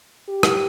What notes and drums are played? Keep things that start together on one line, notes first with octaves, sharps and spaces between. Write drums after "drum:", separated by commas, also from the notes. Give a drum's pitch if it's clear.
G4
drum: rim click